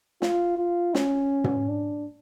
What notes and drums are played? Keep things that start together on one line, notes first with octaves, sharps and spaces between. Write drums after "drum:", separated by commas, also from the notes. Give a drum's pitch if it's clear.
F4, drum: snare
F4
C#4, drum: snare
drum: tom
D4